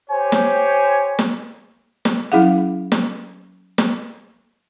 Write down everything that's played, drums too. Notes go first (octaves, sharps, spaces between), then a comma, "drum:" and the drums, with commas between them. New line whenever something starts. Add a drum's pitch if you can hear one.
G4 C5 C#5 G#5
drum: snare
drum: snare
drum: snare
F#3 C#4 E4 G#4 F5 F#5
drum: snare
drum: snare